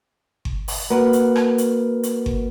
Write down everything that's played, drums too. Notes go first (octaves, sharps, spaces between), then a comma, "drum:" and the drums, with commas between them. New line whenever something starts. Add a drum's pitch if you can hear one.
drum: kick G1
drum: open hi-hat
A#3 F#4 A#4 B4
drum: hi-hat
drum: rim click
drum: hi-hat
drum: hi-hat
drum: kick G1